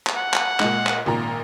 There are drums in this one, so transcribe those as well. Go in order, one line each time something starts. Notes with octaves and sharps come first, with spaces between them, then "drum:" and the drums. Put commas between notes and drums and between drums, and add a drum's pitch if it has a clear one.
drum: clap
F#5
drum: clap
A#2 G#3, drum: clap
drum: clap
G#1 A#2 A#5